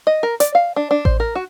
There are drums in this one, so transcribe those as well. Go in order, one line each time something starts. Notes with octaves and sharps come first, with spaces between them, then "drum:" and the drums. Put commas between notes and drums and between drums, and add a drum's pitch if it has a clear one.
D#5
A#4
D5, drum: hi-hat
F5
D4
D4
C5, drum: kick A1
A#4
F#4